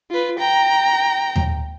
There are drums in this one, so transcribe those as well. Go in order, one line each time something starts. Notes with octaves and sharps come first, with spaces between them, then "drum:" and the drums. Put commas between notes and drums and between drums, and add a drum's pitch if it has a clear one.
F4 B4
G5 A#5
drum: tom D#2